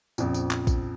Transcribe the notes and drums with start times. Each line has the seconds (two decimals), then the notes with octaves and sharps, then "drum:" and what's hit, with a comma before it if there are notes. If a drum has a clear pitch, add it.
0.18 A#1 F2 C#3, drum: tambourine
0.34 drum: tambourine
0.51 drum: clap
0.67 drum: kick A#1, tambourine